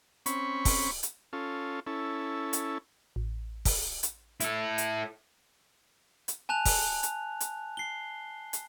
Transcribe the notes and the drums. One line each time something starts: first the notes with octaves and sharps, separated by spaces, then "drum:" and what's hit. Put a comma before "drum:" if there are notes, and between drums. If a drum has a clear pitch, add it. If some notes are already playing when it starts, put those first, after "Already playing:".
C4 C#4 B5 C#6, drum: hi-hat
drum: kick, open hi-hat
drum: hi-hat
C#4 F4 A4
C#4 E4 A4
drum: hi-hat
A1
drum: kick, open hi-hat
drum: hi-hat
E4 A4, drum: hi-hat
drum: hi-hat
drum: hi-hat
G#5 A5 F#6 F7
drum: kick, open hi-hat
drum: hi-hat
drum: hi-hat
C7 G7
drum: hi-hat